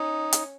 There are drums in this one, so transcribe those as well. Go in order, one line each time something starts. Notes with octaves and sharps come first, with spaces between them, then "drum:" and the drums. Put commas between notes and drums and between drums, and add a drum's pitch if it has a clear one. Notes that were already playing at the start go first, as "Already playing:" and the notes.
Already playing: C#4 D#4
drum: hi-hat